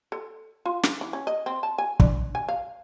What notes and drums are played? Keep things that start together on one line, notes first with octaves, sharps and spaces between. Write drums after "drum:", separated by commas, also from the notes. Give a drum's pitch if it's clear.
A4
F4
B5, drum: snare
E3
C#4
D#5
C4
A5
G#5
D4, drum: kick
G#5
F5